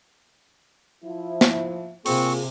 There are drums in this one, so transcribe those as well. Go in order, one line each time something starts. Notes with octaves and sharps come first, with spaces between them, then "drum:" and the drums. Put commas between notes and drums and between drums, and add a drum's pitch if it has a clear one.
F3 E4
drum: snare
C3 A#3 C4 F4 G#4 C#6, drum: open hi-hat